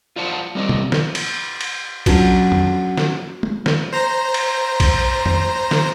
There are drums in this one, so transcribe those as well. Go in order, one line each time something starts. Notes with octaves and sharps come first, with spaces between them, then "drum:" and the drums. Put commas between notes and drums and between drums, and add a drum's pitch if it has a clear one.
F4 C5 D5 F#5 A5
G3 C4 D5 D#5
drum: tom
drum: snare
drum: cymbal
drum: cymbal
F#3 C#4 D4 F4 F#4 A4, drum: kick A#1, cymbal
drum: tom F2
drum: snare
drum: tom G#3
drum: snare
C5 A#5 A#6
drum: cymbal
drum: kick A#1, cymbal
drum: tom F2
drum: snare